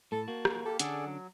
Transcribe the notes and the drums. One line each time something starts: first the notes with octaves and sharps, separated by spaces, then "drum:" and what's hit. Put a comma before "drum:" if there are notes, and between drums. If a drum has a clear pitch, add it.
A2 A4 A5
A#3 F#4
drum: rim click
A#3 G4 A4
D3 C#4 D4 G#4 A4 D5 F#5, drum: hi-hat
F#3